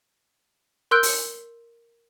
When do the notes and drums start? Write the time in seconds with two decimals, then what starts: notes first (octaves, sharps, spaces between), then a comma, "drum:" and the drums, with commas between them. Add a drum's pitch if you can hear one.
0.91 A#4 C6 E6 F#6 G6 D7
1.03 drum: open hi-hat